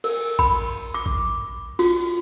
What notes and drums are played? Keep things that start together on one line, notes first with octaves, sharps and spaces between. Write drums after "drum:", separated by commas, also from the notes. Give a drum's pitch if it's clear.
A#4, drum: cymbal
B5, drum: kick A#1
D6
drum: kick A#1
F4, drum: cymbal